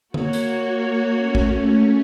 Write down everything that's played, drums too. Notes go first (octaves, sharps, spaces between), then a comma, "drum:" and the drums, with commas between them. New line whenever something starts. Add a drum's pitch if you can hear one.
A#3 F#4 C#5, drum: tom D3
drum: hi-hat
A3 C#4
drum: kick